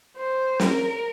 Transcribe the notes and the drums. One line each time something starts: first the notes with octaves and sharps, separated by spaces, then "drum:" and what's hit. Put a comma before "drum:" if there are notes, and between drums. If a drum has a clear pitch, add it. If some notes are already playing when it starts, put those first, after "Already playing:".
C5
A#4, drum: snare